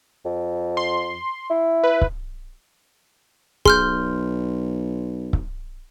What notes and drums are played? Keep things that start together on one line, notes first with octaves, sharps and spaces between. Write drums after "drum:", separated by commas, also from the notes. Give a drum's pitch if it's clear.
F2
C6
E4
B4
drum: kick C#1
B1 G#4 C6 F6 G6, drum: kick C#1
drum: kick C#1